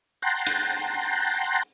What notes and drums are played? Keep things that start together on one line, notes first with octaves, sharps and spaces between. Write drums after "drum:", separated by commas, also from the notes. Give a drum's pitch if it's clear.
F#5 G5 A5 A#5 C6
drum: hi-hat